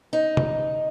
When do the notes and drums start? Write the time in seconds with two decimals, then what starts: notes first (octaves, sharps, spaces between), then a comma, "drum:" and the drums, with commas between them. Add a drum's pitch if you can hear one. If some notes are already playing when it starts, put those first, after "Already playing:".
0.13 D#4
0.37 drum: tom C3